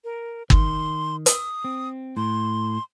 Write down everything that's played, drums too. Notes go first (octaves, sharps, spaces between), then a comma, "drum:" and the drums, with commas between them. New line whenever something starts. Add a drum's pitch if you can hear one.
A#4
D#3 C6, drum: kick G1
D#6, drum: hi-hat
C4
A2 C6